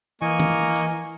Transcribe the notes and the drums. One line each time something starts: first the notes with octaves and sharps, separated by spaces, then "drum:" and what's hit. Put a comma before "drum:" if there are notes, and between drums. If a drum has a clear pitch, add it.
E3 A#3 D#5 G#5 C#6
drum: tom
drum: hi-hat